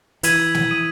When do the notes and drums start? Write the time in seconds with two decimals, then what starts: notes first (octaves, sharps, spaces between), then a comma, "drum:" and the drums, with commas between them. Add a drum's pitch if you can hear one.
0.23 E3 E6 G#6 B6 D#7 F#7, drum: hi-hat
0.54 drum: snare
0.69 D#6 G#6 D#7 F#7